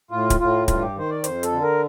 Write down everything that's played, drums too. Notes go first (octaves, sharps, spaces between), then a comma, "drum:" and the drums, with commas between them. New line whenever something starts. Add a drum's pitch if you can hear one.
A2 F4
drum: kick, hi-hat
A2 F4
G2 F4, drum: kick, hi-hat
G4
D#3 C5
D5
F2 C5, drum: hi-hat
A4, drum: hi-hat
D3
A#4